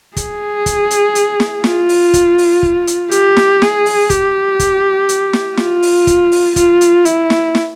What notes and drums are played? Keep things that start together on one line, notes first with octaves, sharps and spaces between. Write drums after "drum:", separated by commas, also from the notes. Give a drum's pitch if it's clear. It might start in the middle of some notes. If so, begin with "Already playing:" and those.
G#4, drum: kick, hi-hat
drum: kick, hi-hat
drum: hi-hat
drum: hi-hat
drum: snare
F4, drum: snare
drum: open hi-hat
drum: kick, hi-hat
drum: open hi-hat
drum: kick
drum: hi-hat
G4, drum: hi-hat
drum: snare
G#4, drum: snare
drum: open hi-hat
G4, drum: kick, hi-hat
drum: kick, hi-hat
drum: hi-hat
drum: snare
F4, drum: snare
drum: open hi-hat
drum: kick, hi-hat
drum: open hi-hat
F4, drum: kick, hi-hat
drum: hi-hat
E4, drum: hi-hat
drum: snare
drum: snare